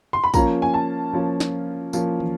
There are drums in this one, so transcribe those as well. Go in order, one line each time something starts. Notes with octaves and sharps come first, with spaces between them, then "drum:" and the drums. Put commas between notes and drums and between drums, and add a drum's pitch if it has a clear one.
C6
B5
F3 A#3 C#4 F4 A#5, drum: kick, tambourine
G#5
A5
F3 A#3 C#4 F4
drum: snare
F3 A#3 C#4 F4, drum: tambourine
drum: tom